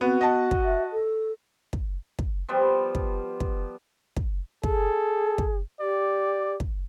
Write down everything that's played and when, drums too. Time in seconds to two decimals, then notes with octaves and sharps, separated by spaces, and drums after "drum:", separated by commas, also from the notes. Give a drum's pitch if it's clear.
0.01 B3 C4 F#4
0.21 B3 D#5 F#5 A5
0.51 drum: kick
0.65 E5
0.93 A4
1.73 drum: kick
2.19 drum: kick
2.49 F3 G3 B3
2.95 drum: kick
3.40 drum: kick
4.16 drum: kick
4.63 G#4 A4, drum: kick
5.38 drum: kick
5.80 G4 D5
6.60 drum: kick